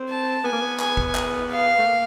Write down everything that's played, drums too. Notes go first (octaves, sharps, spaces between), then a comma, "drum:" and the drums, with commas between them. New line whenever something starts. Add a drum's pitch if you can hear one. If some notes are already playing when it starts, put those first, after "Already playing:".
Already playing: C4
A5
B3 G#5
A#3
B3
G#5, drum: clap
drum: kick F#1
drum: clap
F5
A3
A#3